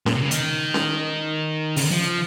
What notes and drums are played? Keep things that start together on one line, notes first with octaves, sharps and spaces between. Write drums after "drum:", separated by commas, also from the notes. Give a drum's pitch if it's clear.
A#2, drum: snare C#4
C3
C#3
D#3, drum: hi-hat
drum: snare C#4
C#3, drum: open hi-hat
D#3
F3